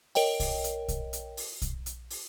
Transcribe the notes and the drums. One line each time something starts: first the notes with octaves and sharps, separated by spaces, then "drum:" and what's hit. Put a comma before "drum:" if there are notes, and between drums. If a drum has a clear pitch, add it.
A#4 C#5 D#5 G5, drum: open hi-hat
drum: kick, open hi-hat
drum: hi-hat
drum: kick, hi-hat
drum: hi-hat
drum: open hi-hat
drum: kick, hi-hat
drum: hi-hat
drum: open hi-hat